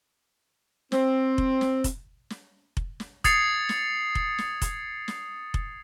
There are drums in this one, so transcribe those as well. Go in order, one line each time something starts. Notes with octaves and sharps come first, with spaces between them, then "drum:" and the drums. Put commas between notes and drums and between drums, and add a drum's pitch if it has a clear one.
C4, drum: snare
drum: kick F1
drum: snare
drum: kick F1, hi-hat
drum: snare
drum: kick F1
drum: snare
D#6 G#6 A6 C7 C#7 F7, drum: kick F1, hi-hat
drum: snare
drum: kick F1
drum: snare
drum: kick F1, hi-hat
drum: snare
drum: kick F1